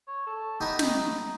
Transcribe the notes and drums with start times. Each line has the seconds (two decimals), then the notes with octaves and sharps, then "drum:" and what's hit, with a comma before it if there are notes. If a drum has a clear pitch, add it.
0.07 C#5
0.27 A4
0.61 A3 B3 D#4 G4
0.79 D#4, drum: snare